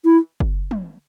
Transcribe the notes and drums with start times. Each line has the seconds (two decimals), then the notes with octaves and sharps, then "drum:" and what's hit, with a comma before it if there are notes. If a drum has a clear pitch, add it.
0.05 E4
0.40 drum: kick F#1
0.71 drum: tom